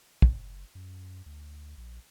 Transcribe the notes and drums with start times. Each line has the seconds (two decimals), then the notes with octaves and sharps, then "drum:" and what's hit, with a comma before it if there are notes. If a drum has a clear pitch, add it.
0.22 F#1, drum: kick
0.75 F#2
1.26 D2
1.77 A#1